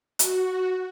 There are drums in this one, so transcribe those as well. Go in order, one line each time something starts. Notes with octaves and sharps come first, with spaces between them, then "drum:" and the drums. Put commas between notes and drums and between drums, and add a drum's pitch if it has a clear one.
F#4, drum: hi-hat